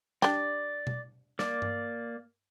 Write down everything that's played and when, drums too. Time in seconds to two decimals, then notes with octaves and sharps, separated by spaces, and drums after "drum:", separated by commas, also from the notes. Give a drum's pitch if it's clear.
0.22 D4 G4 D5, drum: snare
0.87 drum: tom B2
1.39 A#3 D5, drum: snare
1.62 drum: tom G2